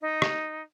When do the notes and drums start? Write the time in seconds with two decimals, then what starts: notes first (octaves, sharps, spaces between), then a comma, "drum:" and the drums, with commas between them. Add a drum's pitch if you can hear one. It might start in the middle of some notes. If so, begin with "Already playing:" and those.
0.01 D#4
0.22 drum: rim click